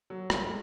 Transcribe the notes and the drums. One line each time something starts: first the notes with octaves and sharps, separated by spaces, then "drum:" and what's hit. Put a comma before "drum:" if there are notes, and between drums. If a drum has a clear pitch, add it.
F#3
G3, drum: rim click
G#3